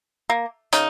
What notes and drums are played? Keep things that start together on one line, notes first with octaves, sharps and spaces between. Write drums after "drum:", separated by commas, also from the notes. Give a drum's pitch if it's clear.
A#3
C#3 D#4, drum: hi-hat